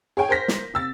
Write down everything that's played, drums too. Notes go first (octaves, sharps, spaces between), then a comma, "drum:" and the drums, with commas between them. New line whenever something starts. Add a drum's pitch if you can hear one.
G#4 C#5 G5 G#5
A#4 C5 G6 A#6 B6
drum: snare
C3 E6 A6